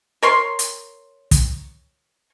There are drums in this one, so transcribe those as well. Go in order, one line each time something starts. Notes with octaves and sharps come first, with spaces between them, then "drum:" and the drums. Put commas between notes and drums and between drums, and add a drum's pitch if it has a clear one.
A#4 C#5 C6
drum: hi-hat
drum: kick, hi-hat